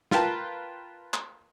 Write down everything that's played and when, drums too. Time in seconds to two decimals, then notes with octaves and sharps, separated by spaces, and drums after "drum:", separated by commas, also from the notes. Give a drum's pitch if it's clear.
0.11 F4 A#4 B4 G5 A5, drum: snare
1.14 drum: clap